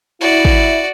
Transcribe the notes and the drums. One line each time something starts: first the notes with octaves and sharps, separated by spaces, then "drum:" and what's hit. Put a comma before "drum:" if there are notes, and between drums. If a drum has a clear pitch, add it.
E4 F#4 D5
drum: kick